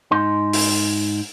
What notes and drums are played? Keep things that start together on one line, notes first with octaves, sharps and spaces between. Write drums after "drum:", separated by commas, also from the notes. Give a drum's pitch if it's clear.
G#2 D#4 C6
drum: open hi-hat